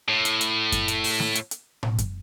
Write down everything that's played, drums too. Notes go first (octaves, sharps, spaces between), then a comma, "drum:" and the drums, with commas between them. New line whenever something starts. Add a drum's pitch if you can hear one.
A2
drum: hi-hat
drum: hi-hat
drum: kick F#2, hi-hat
drum: hi-hat
drum: open hi-hat
drum: snare
drum: hi-hat
drum: hi-hat
drum: tom A2
drum: kick F#2, hi-hat